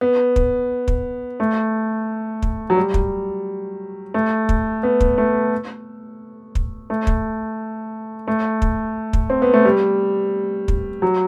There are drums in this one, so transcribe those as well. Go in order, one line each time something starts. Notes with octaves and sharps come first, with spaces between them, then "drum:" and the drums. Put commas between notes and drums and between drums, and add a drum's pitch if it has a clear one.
B3
drum: kick
drum: kick
A3
drum: kick
F#3
G3
drum: kick
A3
drum: kick
B3
drum: kick
A3
drum: kick
A3
drum: kick
A3
drum: kick
drum: kick
C4
B3
A3
G3
drum: kick
F#3